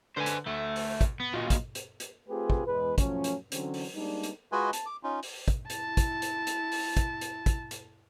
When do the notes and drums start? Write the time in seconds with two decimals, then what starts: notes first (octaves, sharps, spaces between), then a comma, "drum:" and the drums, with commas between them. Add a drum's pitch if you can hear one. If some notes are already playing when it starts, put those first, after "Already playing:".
0.17 D3 B4 C5 G#5
0.26 drum: hi-hat
0.47 D2 A3
0.76 drum: open hi-hat
1.01 drum: kick, hi-hat
1.20 B3
1.34 A#2 F#3 F4 D#5
1.50 drum: kick, hi-hat
1.75 drum: hi-hat
2.00 drum: hi-hat
2.29 A3 C4 F4 G4 G#4 B4
2.50 drum: kick
2.66 E2 G#3 B4
2.98 F3 F#3 A3 C#4, drum: kick, hi-hat
3.24 drum: hi-hat
3.52 D3 E3 F#3 C4 C#4, drum: hi-hat
3.74 drum: open hi-hat
3.95 G3 G#3 A#3 D4 D#4
4.23 drum: hi-hat
4.52 G#3 F4 F#4 B4 D#5 G#5
4.73 A5, drum: hi-hat
4.86 D6
5.03 C#4 D#4 F4
5.23 drum: open hi-hat
5.48 drum: kick, hi-hat
5.70 E4 A5, drum: hi-hat
5.97 drum: kick, hi-hat
6.22 drum: hi-hat
6.47 drum: hi-hat
6.72 drum: open hi-hat
6.97 drum: kick, hi-hat
7.21 drum: hi-hat
7.46 drum: kick, hi-hat
7.71 drum: hi-hat